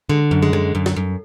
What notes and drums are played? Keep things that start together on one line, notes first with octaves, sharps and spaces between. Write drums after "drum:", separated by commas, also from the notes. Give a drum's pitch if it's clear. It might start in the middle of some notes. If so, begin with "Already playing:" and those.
D3 G#3
F#2
G#3
D3, drum: tom F#3
F#2
drum: snare
F#2